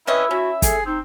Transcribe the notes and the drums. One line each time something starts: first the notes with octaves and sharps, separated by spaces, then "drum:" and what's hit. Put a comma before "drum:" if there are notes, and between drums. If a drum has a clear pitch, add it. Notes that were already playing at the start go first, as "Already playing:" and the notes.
C4 C#4 E4 B4 D#5 E5
C#4 F#4
G#4 A4, drum: kick, hi-hat
C4 D#4